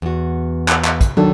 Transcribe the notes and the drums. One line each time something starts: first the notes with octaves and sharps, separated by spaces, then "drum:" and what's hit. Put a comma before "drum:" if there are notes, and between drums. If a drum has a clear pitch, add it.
E2 F#4
drum: clap
drum: clap
drum: kick, hi-hat
D#3 F#3 D4 A4